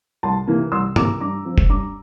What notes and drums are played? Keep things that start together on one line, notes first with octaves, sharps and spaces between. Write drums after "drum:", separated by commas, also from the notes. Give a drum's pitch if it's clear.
C2 A5 C6
C3 E3 A#3
C2 C6 E6
C3 E3 A#3 A#5 D6, drum: tom
G2 A#5 D6
F3 C4
drum: kick F#1
G2 A#5 D6